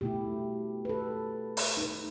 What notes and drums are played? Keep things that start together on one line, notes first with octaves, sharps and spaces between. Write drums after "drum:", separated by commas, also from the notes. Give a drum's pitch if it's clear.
B2 A3 E4 G4
B4
A4
drum: open hi-hat
B2 A3 D#4